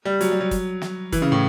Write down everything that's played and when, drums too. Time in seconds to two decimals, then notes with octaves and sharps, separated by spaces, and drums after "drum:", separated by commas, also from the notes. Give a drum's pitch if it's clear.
0.05 G3
0.21 F#3, drum: hi-hat
0.31 G3
0.40 F#3
0.51 drum: kick, hi-hat
0.82 drum: snare
1.12 E3, drum: kick, hi-hat
1.22 C#3
1.32 A2